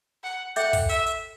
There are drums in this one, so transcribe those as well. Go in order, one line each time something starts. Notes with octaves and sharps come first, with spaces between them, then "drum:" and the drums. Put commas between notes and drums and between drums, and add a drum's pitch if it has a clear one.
F#5
A4 E5 F#5 G5 D6 G6, drum: hi-hat
drum: kick, open hi-hat
E5, drum: hi-hat
drum: hi-hat